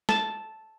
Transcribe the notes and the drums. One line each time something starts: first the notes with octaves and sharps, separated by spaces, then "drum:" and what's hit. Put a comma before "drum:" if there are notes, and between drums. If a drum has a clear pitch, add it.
A5, drum: snare